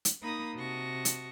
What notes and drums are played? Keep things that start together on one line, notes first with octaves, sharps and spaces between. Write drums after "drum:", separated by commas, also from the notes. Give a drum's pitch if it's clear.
drum: hi-hat
A#3 D#4 B5 D#6 A#6
C3 F#4 D#5 A5 C#6 A#6
drum: hi-hat